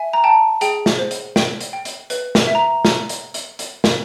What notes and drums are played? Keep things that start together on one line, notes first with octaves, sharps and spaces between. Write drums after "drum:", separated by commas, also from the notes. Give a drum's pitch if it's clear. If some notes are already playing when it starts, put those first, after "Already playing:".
Already playing: E5 G#5
A#5
G5 A5
G#4 G5, drum: hi-hat
drum: snare
C5
drum: hi-hat
G5, drum: snare
drum: hi-hat
G5
drum: hi-hat
B4, drum: hi-hat
drum: snare
E5
A#5
drum: snare
drum: hi-hat
drum: hi-hat
drum: hi-hat
drum: snare